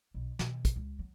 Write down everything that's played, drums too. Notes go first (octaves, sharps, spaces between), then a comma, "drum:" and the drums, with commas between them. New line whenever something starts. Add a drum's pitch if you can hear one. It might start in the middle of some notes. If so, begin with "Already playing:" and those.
B1
B2, drum: snare
drum: kick, hi-hat
C#2
F#3